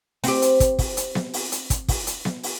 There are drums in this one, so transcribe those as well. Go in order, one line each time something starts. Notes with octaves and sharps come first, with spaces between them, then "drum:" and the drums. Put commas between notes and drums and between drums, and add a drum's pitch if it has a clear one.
C4 G4, drum: open hi-hat
drum: hi-hat
drum: kick, hi-hat
drum: kick, open hi-hat
drum: hi-hat
drum: snare B3
drum: open hi-hat
drum: hi-hat
drum: kick, hi-hat
drum: kick, open hi-hat
drum: hi-hat
drum: snare B3
drum: open hi-hat